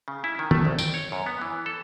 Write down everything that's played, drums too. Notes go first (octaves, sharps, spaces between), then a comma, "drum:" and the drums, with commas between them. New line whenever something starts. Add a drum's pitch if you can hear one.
C#3
E4
D#3
A3, drum: tom
C2
G5, drum: tambourine
C#5
F#2
B3
E3
A4